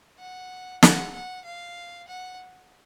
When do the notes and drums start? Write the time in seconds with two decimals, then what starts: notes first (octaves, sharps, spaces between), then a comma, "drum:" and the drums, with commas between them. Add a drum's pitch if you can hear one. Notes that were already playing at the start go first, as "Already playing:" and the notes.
0.19 F#5
0.82 F#5, drum: snare
1.13 F#5
1.45 F5
2.08 F#5